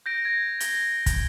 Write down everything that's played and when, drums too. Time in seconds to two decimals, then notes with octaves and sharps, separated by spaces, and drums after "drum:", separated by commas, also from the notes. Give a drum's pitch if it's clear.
0.06 G6 A#6 D7
0.25 G#6
0.60 G7, drum: hi-hat
1.06 drum: kick, hi-hat